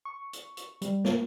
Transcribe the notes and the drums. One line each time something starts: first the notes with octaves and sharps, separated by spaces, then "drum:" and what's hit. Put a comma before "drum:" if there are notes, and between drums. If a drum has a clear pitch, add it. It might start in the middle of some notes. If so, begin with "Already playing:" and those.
C#6
drum: hi-hat
drum: hi-hat
G3, drum: hi-hat
A#3, drum: snare